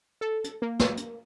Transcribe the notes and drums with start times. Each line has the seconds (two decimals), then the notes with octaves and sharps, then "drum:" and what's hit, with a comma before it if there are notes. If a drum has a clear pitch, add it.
0.21 A4
0.44 drum: hi-hat
0.62 A#3
0.79 drum: snare
0.97 drum: hi-hat